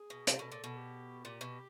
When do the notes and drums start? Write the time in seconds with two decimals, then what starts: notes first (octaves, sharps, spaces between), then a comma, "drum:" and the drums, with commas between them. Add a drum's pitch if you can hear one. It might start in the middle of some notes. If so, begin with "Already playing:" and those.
Already playing: G#4
0.10 B2
0.27 C3 A4, drum: hi-hat
0.39 B2
0.52 A#2
0.64 B2
0.76 G4
1.24 A#2 G4
1.41 B2